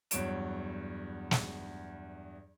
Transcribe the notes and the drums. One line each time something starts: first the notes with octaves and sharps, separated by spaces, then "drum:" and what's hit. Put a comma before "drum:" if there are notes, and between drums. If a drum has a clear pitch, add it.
E2 G2 F#3 C#5 D7 E7, drum: hi-hat
drum: snare